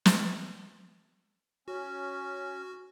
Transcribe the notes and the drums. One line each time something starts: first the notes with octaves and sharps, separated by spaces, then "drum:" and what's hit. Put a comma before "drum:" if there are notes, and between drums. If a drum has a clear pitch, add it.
drum: snare
C#4 F#4